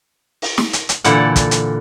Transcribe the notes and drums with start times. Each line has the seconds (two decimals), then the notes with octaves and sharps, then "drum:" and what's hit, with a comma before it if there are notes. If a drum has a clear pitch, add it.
0.42 drum: open hi-hat
0.58 drum: snare
0.73 drum: hi-hat
0.89 drum: hi-hat
1.04 A#2 D3 E3 A4 D5 F#5, drum: hi-hat
1.36 drum: kick, hi-hat
1.51 drum: hi-hat